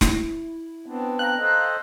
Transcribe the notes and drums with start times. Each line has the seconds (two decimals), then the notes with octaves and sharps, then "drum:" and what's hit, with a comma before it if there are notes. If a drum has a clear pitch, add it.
0.01 E4, drum: snare
0.86 B3 C4 D4
1.19 F5 G5 A#5 F#6
1.38 A4 C5 D#5